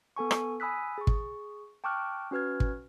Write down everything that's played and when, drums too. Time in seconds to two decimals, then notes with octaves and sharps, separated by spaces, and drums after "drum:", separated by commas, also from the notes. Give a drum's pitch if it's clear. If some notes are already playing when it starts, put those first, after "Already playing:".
0.16 B3 A4 G#5 C#6
0.31 drum: rim click
0.60 G#5 B5 D#6 E6 F#6 B6
0.98 G#4 C#6
1.07 drum: kick
1.84 G5 A5 C#6 D6 F6 F#6
2.31 C#4 F#4 B4 F6 G#6
2.60 drum: kick